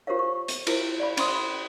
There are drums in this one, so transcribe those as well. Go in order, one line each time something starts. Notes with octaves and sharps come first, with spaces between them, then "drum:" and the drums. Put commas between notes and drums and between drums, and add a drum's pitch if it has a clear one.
F4 G4 A#4 C5 C#5 F5
C#6
drum: hi-hat
E4 F4 A#4, drum: cymbal
D5 F5 B5
C#4 B5 C6 D#6, drum: cymbal
B5